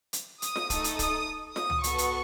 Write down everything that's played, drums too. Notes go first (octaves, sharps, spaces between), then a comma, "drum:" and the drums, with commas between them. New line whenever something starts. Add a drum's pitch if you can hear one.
drum: hi-hat
D#6, drum: hi-hat
drum: snare F4
A3 D#4 A4, drum: kick, hi-hat
drum: hi-hat
D#6, drum: kick, hi-hat
D#6, drum: snare F4
drum: tom
B3 F#4 A4 C#6, drum: hi-hat
drum: hi-hat